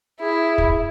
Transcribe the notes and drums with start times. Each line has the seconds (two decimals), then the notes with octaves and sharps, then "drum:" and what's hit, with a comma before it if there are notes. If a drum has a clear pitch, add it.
0.21 E4 G#4
0.58 drum: kick